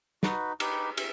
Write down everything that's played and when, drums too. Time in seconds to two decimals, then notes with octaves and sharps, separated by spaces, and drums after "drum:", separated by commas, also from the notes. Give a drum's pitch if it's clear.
0.23 D#4 F#4 B4, drum: snare
0.60 D#4 G4 B4, drum: cymbal
0.97 E5, drum: cymbal